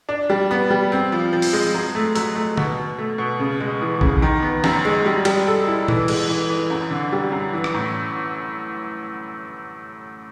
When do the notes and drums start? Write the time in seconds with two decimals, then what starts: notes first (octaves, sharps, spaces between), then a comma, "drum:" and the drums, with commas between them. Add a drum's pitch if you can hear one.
0.09 D4
0.30 G3
0.51 B3
0.70 G3
0.92 C4
1.12 F3
1.33 F3
1.42 drum: open hi-hat
1.53 G#3
1.74 F#3
1.95 A3
2.16 F#3, drum: hi-hat
2.36 A3
2.57 B2, drum: tom
2.78 B2
2.98 A3
3.18 B2
3.40 C#3
3.60 G#3
3.82 E3
4.01 C#3, drum: kick A#1
4.22 D#3
4.42 B3
4.64 F#2, drum: snare
4.85 G#3
5.06 G3
5.25 G3, drum: cymbal
5.47 A4
5.68 E4
5.88 E3, drum: tom
6.08 G#3, drum: cymbal
6.29 E3
6.50 E3
6.70 F#2
6.91 D3
7.12 G3
7.32 F#2
7.53 E3
7.64 drum: rim click
7.74 A2